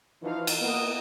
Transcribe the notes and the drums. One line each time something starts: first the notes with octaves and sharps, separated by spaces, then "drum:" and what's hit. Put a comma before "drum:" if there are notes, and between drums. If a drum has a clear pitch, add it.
E3 F3 D#4 F4 F#4 F5
drum: cymbal
A#3 B3 A#4 D#5